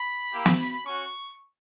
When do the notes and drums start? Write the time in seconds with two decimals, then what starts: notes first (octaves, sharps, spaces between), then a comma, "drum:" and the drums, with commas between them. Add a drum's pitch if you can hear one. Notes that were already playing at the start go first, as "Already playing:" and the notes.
Already playing: B5
0.32 A#3 E4 G4
0.46 drum: snare
0.86 C#4 F#4 C#6